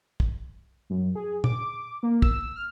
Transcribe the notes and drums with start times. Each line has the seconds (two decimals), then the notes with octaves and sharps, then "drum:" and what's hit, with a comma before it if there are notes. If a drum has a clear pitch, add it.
0.20 drum: kick
0.90 F#2
1.15 G#4
1.44 D6, drum: tom
2.03 A#3
2.22 E6, drum: kick
2.56 F6